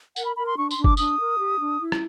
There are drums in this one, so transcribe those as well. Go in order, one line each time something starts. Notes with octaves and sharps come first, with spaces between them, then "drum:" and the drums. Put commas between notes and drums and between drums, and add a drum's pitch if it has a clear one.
A#4 F#5, drum: tambourine
B5
A#4 B5
C6
D4 C#6
C6, drum: tambourine
D4
D6, drum: kick
D4 D#6, drum: tambourine
A#4
G4
D4
E4
drum: rim click